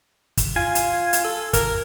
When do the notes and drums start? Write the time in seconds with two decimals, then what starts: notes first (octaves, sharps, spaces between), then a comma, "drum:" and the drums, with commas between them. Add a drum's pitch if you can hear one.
0.37 drum: kick, hi-hat
0.56 F4 G#5
0.75 drum: hi-hat
1.13 drum: hi-hat
1.25 A4
1.53 A#4, drum: kick, hi-hat